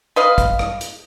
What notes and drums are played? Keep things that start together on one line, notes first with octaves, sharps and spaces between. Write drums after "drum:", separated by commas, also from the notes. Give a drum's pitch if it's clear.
B4 D#5 F5
drum: kick, hi-hat
drum: rim click
drum: hi-hat